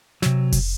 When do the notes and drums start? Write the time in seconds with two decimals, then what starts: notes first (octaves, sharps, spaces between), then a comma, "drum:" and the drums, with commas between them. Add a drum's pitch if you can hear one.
0.22 C3 F#3, drum: snare
0.52 drum: kick F1, open hi-hat